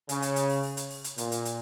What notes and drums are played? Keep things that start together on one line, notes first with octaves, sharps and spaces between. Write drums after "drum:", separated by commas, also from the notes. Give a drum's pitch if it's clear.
C#3, drum: hi-hat
drum: hi-hat
drum: hi-hat
drum: open hi-hat
drum: open hi-hat
drum: hi-hat
drum: open hi-hat
drum: hi-hat
A#2, drum: hi-hat
drum: hi-hat
drum: hi-hat